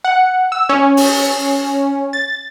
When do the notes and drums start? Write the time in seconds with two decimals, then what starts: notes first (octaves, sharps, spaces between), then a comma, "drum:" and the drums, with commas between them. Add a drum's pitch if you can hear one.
0.04 F#5
0.52 E6
0.69 C#4
0.97 drum: open hi-hat
2.13 A6